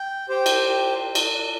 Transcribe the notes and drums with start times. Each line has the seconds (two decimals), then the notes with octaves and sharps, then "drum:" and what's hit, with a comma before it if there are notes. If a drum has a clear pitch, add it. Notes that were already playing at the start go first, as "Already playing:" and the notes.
Already playing: G5
0.29 G4 C5 G5
0.46 drum: cymbal
1.15 drum: cymbal